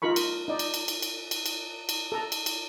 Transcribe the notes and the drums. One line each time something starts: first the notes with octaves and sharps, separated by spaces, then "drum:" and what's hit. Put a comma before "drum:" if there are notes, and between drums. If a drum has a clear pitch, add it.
D#4 F4 A#4 B5 C#6
drum: cymbal
D#4 D5
drum: cymbal
drum: cymbal
drum: cymbal
drum: cymbal
drum: cymbal
drum: cymbal
drum: cymbal
A4 A#5
drum: cymbal
drum: cymbal